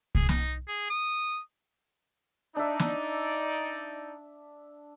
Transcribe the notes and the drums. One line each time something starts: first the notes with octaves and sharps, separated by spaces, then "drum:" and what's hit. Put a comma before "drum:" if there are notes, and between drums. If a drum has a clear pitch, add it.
G#4, drum: kick C2
D#4, drum: snare
G#4
D#6
D4 D#4 D5 E5
drum: snare